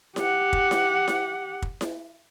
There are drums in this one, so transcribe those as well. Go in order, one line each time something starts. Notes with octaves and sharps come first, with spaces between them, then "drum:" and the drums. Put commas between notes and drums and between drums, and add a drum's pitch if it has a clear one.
G4 F#5, drum: snare E4
drum: kick
drum: snare E4
drum: snare E4
drum: kick
drum: snare E4